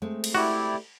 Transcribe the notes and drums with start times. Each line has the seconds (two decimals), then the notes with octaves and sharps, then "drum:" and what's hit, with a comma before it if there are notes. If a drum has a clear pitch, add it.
0.02 G#3 A3 C4
0.24 drum: cymbal
0.35 E4 F#4 G4 D5